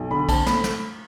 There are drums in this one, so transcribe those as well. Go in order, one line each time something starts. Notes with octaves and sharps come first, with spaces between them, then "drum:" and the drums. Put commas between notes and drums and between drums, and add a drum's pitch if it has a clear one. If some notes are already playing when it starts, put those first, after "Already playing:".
Already playing: B1
D3 B5
C4 A5, drum: kick B1, cymbal
A3 B5, drum: snare
drum: snare